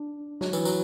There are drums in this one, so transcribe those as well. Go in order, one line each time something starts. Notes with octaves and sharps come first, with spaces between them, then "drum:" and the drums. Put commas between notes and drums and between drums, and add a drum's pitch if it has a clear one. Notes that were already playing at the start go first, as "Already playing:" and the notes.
Already playing: D4
F#3, drum: snare
E3, drum: tambourine
F#3, drum: tambourine